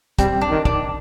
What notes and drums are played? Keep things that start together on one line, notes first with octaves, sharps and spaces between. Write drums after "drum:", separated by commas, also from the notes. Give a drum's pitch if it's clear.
G3 C4, drum: kick, hi-hat
D4
D#3
D4, drum: kick